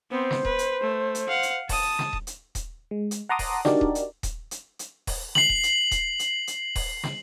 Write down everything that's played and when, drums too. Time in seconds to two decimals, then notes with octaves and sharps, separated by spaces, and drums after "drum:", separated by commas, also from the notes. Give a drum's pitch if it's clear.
0.11 B3 C4 C5
0.31 drum: snare
0.45 B4, drum: kick D#1
0.59 drum: hi-hat
0.81 A3
1.15 drum: hi-hat
1.28 F5 F#5
1.43 drum: hi-hat
1.69 A5 D#6, drum: kick D#1, open hi-hat
1.99 drum: snare
2.13 drum: kick D#1
2.27 drum: hi-hat
2.55 drum: kick D#1, hi-hat
2.91 G#3
3.11 drum: hi-hat
3.29 F#5 A5 A#5 C6 D6 D#6
3.39 drum: kick D#1, open hi-hat
3.65 D4 D#4 F#4 G4 A#4 D5, drum: snare
3.81 drum: kick D#1
3.95 drum: hi-hat
4.23 drum: kick D#1, hi-hat
4.51 drum: hi-hat
4.79 drum: hi-hat
5.07 drum: kick D#1, open hi-hat
5.35 C7 F#7, drum: snare
5.49 drum: kick D#1
5.63 drum: hi-hat
5.91 drum: kick D#1, hi-hat
6.19 drum: hi-hat
6.47 drum: hi-hat
6.75 drum: kick D#1, open hi-hat
7.04 drum: snare